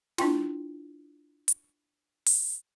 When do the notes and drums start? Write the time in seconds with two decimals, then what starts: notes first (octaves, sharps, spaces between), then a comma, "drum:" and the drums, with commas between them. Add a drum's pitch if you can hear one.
0.18 D4 E4 F4 G5 C6, drum: snare
1.48 drum: hi-hat
2.26 drum: open hi-hat